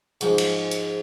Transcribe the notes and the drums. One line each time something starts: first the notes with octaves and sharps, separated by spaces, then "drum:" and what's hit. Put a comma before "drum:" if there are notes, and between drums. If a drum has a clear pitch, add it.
G#2 F3 G#3, drum: hi-hat
drum: cymbal
drum: hi-hat